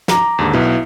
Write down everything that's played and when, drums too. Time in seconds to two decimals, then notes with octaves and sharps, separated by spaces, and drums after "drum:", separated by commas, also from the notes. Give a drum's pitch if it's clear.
0.08 A#5 D6, drum: snare
0.39 D#2 G#2 D3
0.53 B1 B2 E4 B4